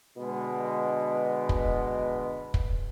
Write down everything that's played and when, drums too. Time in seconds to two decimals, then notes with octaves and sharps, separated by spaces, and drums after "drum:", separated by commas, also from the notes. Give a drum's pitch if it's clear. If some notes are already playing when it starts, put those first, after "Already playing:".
0.18 B2 D3 G#3
1.49 drum: kick
2.54 drum: kick